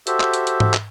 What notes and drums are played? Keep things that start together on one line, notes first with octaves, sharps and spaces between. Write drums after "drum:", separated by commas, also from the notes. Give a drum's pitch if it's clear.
F#4 G4 A4 C5 E5, drum: hi-hat
drum: clap
drum: hi-hat
drum: hi-hat
drum: tom G#2
drum: clap